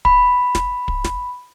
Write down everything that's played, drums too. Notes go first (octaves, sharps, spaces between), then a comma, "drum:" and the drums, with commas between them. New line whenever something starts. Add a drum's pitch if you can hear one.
B5, drum: kick
drum: snare
drum: kick
drum: snare